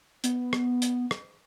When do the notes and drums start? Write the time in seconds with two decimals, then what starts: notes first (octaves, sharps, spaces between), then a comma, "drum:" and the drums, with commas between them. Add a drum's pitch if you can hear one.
0.24 B3, drum: hi-hat
0.53 drum: rim click
0.82 drum: hi-hat
1.11 drum: rim click